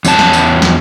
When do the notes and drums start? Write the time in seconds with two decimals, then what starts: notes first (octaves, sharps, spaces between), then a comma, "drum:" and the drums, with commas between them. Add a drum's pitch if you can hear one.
0.05 E2 C#4 A5, drum: tambourine
0.19 drum: snare
0.33 drum: tambourine
0.62 drum: snare